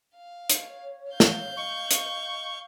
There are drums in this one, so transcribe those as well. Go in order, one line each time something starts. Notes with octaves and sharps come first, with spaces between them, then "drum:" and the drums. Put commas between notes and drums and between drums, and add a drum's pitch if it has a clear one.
F5
C#5, drum: hi-hat
F5 G6
drum: snare
D#5 C#6
drum: hi-hat